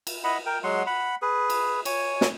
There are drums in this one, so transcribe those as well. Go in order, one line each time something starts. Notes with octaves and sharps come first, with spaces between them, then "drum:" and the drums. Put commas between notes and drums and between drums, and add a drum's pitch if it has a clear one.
drum: cymbal
E4 D#5 F#5 B5
A#4 G5
F#3 G#3 F#5 C6
F#5 B5
G#4 B4
drum: cymbal
C#5 G#5, drum: cymbal
drum: snare